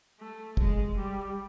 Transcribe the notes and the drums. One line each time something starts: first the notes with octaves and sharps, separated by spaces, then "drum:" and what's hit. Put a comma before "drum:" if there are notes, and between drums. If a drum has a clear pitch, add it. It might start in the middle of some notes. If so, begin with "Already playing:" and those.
A3
G#3, drum: kick
G3